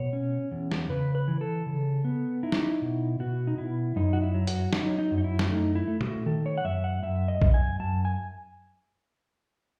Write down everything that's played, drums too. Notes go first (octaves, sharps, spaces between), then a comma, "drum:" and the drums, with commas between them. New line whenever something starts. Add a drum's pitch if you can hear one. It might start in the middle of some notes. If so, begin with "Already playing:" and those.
Already playing: B2 C#5
C#4
E2
drum: snare
C#3 B4
B4
E3
A4
C#3
B3
D#4 E4
drum: snare
B2
B2 F#4
D#4
B2 E4
F#2 D#4
F#4
E4
F#3
F#4, drum: hi-hat
F#3 D#4, drum: snare
D#4
F#2
D#4
E4
drum: snare
A3 D#4
E4
A3
F#4, drum: tom A#2
D#3 A4
C#5
F#5
F#2 E5
F#5
F#2 E5
D#5
F#2, drum: kick A#1
G#5
F#2 A5
G#5